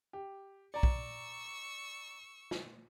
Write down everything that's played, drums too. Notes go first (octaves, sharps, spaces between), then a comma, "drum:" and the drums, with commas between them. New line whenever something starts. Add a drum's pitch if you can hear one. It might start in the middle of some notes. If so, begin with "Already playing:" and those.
G4
D5 A#5 C#6 E6
drum: kick
drum: snare